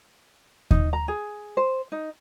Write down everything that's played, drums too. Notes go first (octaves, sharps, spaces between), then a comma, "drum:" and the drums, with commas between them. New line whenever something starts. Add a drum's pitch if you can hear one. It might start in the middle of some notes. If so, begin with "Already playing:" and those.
D#4, drum: kick D#2
A#5
G#4
C5
D#4